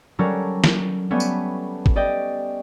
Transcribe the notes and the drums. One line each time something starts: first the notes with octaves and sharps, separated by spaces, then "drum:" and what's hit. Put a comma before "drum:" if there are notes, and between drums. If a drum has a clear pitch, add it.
F#3 G3 C#4 A4 A#4
drum: snare
G3 A3 B3 C#4
drum: tambourine
drum: kick G#1
G4 D5 D#5 G5